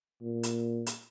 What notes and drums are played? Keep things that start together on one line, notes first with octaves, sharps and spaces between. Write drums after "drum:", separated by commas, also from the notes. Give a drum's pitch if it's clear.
A#2
drum: hi-hat
drum: hi-hat